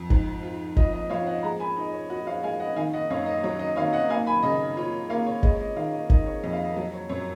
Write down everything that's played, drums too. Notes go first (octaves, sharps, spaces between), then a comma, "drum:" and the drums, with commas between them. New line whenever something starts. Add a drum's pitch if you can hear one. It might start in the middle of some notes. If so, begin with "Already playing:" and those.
Already playing: F2
G#2, drum: kick G1
F4
F4 D#5, drum: kick G1
D#5
F3 C#5 F5
D#5 F#5
G#3 F#5 A#5
G#5 B5
D#4 D#5
C#5
F#4 D#5
C#5 F5
G#3 F5 G#5
D#5 F#5
D#3 F5 G#5
D#5 F#5
F#2 C#5 F5
D#5
F#3 C#5
D#5
D#3 C#5 F5
D#5 F#5
A#3 F5 G#5
G#5 B5
C#3 D#5
F4 C#5
A#3 C#5 F5
C#5
G#3 D#5, drum: kick G1
C#5
D#5
D#3 C#5 F5
D#5
D#3 D#5, drum: kick G1
C#5
F2 D#5
F5
D#5
F#3 D#5
C#5
F#2 C#5